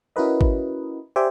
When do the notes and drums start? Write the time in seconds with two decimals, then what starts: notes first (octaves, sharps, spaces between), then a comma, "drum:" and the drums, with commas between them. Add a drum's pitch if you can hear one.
0.16 C#4 E4 F#4 A#4 B4 D#5
0.41 drum: kick G#1
1.16 G4 C5 D5 E5 G5 G#5